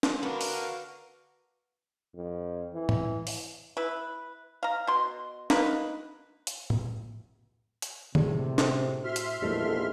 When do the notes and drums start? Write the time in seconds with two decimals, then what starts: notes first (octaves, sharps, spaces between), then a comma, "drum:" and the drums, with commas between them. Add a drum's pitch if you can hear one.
0.03 drum: snare
0.23 B3 F#4 A4 A#4 D5 F5
0.41 drum: open hi-hat
2.15 F2
2.73 E3
2.89 drum: tom
3.27 drum: open hi-hat
3.77 E4 B4
4.63 F5 A#5
4.87 B2 C6
5.50 A#3 D#4 B4, drum: snare
6.47 drum: hi-hat
6.70 drum: tom A2
7.82 drum: hi-hat
8.15 A2 C3 G4 G#4 D5, drum: tom D3
8.58 A4 C5 G5, drum: snare
9.04 F#4 E5 C6 F6
9.16 drum: hi-hat
9.42 A#1 E2 G#2 A3 E4 G4 A4 D#5